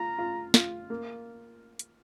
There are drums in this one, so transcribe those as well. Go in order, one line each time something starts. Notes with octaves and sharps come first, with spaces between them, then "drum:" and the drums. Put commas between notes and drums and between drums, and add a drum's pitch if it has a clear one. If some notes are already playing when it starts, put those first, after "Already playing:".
Already playing: F4 A#5
F4
F4, drum: snare
A#3
drum: hi-hat